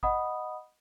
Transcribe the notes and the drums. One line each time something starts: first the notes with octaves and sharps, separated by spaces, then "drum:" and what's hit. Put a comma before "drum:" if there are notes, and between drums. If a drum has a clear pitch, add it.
D#5 F#5 B5 D#6, drum: kick G#1